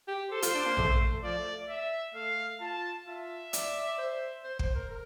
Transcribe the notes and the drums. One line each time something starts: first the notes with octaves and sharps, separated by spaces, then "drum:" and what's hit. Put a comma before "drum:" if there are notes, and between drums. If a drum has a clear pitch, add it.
G4
A4 C5
F4, drum: hi-hat
D4
A#3
A3, drum: tom A#1
F3 D5
A3
E5
A3 F5
F4 A5
F4 E5
D5, drum: hi-hat
D5
C5
C5
C5, drum: kick
A#4
A#4